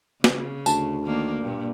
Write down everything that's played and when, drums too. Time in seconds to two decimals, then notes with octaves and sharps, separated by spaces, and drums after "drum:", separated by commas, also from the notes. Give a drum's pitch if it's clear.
0.24 C#3, drum: snare
0.66 D2 A5, drum: tambourine
1.05 D#3 A#3 D4
1.41 G2 A#2